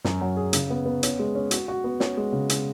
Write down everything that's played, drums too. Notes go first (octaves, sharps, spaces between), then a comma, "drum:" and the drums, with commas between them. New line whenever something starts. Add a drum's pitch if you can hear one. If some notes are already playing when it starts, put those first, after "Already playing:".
F#2, drum: snare
F#3
G#4
C#3, drum: hi-hat
B3
B3
C#4, drum: hi-hat
G#3
C#4
F#4, drum: hi-hat
F#4
B3
C#4, drum: snare
G#3
C#3
drum: hi-hat